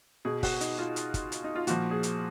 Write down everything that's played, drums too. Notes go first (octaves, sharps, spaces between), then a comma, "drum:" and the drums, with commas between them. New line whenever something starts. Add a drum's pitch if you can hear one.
B2 G#4
F#4, drum: kick G1, open hi-hat
D#4, drum: hi-hat
F4
drum: hi-hat
drum: kick G1, hi-hat
drum: hi-hat
D#4
F4
A#2 F3 F#4, drum: hi-hat
G#4
drum: hi-hat